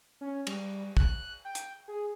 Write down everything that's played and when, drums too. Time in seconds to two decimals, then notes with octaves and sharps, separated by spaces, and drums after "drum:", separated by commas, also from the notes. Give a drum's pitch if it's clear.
0.21 C#4
0.47 G3, drum: cymbal
0.97 F#6, drum: kick
1.45 G5
1.55 drum: hi-hat
1.88 G#4